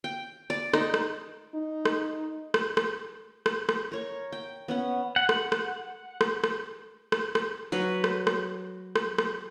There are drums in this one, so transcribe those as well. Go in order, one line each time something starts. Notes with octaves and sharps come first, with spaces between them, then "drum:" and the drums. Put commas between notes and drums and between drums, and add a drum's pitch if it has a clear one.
G5
D5
D#4, drum: rim click
drum: rim click
D#4
drum: rim click
drum: rim click
drum: rim click
drum: rim click
drum: rim click
A#4 C#5 C#6
G5
B3 C#4 F#5
F#5
drum: rim click
drum: rim click
drum: rim click
drum: rim click
drum: rim click
drum: rim click
F#3 B4
drum: rim click
drum: rim click
drum: rim click
drum: rim click